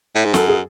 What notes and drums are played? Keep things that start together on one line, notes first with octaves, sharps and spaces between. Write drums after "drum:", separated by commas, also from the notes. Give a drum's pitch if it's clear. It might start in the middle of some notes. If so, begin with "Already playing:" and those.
A2
G#2
F#2 A4, drum: snare
G#4